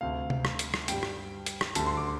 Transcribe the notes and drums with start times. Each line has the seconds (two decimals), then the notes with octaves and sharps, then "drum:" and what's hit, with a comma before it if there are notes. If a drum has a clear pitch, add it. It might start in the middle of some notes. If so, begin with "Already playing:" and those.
0.01 D2 C3 A3 F5
0.30 drum: tom C3
0.45 drum: rim click
0.59 drum: hi-hat
0.74 drum: rim click
0.88 G2 G3 G5, drum: hi-hat
1.03 drum: rim click
1.46 drum: hi-hat
1.61 drum: rim click
1.75 D2 D3 G3 A5, drum: hi-hat
1.86 C6
1.97 D6